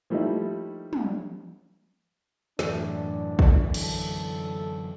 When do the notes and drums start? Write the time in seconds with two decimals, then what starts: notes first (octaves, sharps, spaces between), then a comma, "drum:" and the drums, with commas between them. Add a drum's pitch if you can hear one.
0.10 F3 G3 A3 A#3 D#4 E4
0.93 drum: tom
2.59 F#2 A2 E3 D4, drum: snare
3.39 F#2 D3 E3, drum: kick
3.74 A4, drum: cymbal